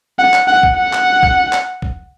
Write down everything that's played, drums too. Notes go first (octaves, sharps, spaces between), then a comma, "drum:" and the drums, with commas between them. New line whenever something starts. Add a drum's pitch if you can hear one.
F#5
drum: clap
F#5
drum: kick
F#5
drum: clap
drum: kick
drum: clap
drum: kick